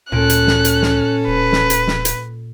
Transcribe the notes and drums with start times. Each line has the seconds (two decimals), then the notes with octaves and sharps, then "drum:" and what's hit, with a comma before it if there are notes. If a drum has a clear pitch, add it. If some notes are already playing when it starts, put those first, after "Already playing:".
0.12 D2 A#2 C#4 A4 F#6 D7
0.30 drum: hi-hat
0.47 drum: snare
0.65 drum: hi-hat
0.82 drum: snare
1.27 D1 B4
1.52 drum: snare
1.70 drum: hi-hat
1.87 drum: snare
2.05 drum: hi-hat